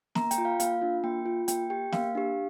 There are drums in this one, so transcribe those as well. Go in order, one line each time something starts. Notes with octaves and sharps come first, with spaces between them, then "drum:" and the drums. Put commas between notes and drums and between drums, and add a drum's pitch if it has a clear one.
A#3 A#5, drum: snare
G5, drum: hi-hat
F4
F5
A#3 F5, drum: hi-hat
D4 F4
A#3 G5
F4
A#3 G5, drum: hi-hat
G4 G5
A#3 F5, drum: snare
D4 G4